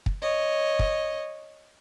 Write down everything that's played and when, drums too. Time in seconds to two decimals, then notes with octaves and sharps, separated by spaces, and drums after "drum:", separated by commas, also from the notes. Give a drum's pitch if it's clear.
0.06 drum: kick
0.22 C#5 D#5
0.79 drum: kick